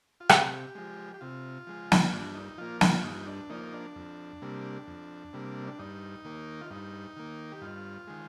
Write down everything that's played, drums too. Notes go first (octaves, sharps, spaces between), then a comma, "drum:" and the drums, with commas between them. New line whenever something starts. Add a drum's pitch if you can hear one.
F4
C3 G4, drum: rim click
F3 G#3
G4
C3 F4
F3 G#3
drum: snare
G2 D4
D#4
F3 A#3 F4
F4, drum: snare
G2 D#4
D4
F3 A#3 D#4
D4
F2
C3 G3 A#3
F2
C3 G3 A#3
D4
G2 D#4
D#3 A#3
F4
G2 D#4
D#3 A#3
G4
G2 F4
D#3 G#3